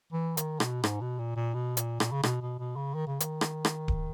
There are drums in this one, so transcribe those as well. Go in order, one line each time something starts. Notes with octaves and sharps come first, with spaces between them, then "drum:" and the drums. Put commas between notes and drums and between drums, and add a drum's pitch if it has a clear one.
E3
D#3, drum: hi-hat
B2, drum: rim click
G#2, drum: rim click
B2
A#2
A#2
B2
A#2, drum: hi-hat
A#2, drum: rim click
C#3
B2, drum: rim click
B2
B2
C#3
D#3
C#3
D#3, drum: hi-hat
drum: rim click
drum: rim click
drum: kick D1